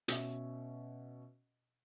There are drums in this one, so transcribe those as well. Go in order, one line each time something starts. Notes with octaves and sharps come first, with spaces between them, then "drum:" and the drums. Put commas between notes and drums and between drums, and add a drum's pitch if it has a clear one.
B2 C#4 E5, drum: hi-hat